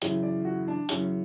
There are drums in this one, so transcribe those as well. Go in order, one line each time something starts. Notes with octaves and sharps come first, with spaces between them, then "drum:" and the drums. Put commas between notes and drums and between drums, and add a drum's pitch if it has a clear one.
F#2 C#3 E3, drum: hi-hat
D5
F#4
D4
F#2 C#3 E3 C#4, drum: hi-hat